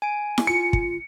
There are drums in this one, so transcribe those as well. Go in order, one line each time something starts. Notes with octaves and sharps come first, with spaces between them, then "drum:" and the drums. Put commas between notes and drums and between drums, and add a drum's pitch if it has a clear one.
G#5 D7
drum: snare E4
F4 C#7
drum: kick